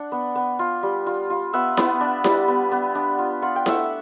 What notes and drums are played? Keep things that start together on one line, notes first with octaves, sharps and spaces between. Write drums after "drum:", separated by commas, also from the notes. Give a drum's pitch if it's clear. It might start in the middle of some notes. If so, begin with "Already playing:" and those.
Already playing: D4 F#5
B3
B3
F4
G3
F4
F4
B3 E5 F#5
B3, drum: snare E4
D4
G3, drum: snare E4
B3
B3
D4
F4
F4 F#5
G5
A3 E5 F#5, drum: snare E4